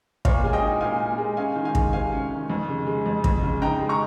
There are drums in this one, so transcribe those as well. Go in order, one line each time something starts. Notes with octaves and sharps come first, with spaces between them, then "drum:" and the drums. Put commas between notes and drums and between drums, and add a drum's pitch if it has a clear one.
A#2 C#5 F5, drum: kick
G#3 G#5
D#5 G5
D#4
A#2 F5 G#5
A#2
G#3
C#4 F5 G#5
D#3
F5 G#5
G#3, drum: kick
C3 F5 G#5
C#4
D#3
F2
C#3
G#3
F2
F2, drum: kick
C#3
D#4 G5 A#5
G#3
A#5 C#6